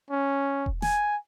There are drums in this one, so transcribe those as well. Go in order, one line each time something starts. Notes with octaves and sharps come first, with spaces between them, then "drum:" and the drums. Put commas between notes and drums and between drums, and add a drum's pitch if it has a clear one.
C#4
drum: kick E1
G#5, drum: snare